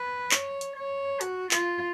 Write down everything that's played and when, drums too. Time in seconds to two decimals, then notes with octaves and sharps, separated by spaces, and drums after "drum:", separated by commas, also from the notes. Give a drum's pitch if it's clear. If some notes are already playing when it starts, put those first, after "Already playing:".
Already playing: B4
0.31 C#5, drum: clap
0.61 drum: hi-hat
0.76 C#5
1.21 F#4, drum: hi-hat
1.51 F4, drum: clap